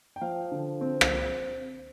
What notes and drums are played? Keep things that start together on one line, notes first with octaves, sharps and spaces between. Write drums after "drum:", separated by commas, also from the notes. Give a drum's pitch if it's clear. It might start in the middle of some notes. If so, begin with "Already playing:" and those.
G5
F3 F5
D3
C4
drum: rim click